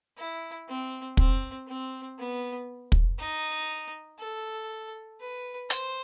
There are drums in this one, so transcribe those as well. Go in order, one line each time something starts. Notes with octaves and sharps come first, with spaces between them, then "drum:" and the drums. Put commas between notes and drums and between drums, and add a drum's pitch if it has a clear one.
E4
C4
C4, drum: kick
C4
B3
drum: kick
D#4
A4
B4
C5, drum: hi-hat